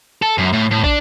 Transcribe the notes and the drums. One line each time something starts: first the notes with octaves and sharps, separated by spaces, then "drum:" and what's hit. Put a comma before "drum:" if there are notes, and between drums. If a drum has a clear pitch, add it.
A4
F#2
A2
A2
D4, drum: kick